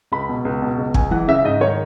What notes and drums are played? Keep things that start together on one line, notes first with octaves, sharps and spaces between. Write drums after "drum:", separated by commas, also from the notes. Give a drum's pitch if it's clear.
C#2 B5
B2
C#2
B2
C#2
C#2 G#5, drum: kick
E3 F#5
C#3 E5
G#2 D#5
D#3 C#5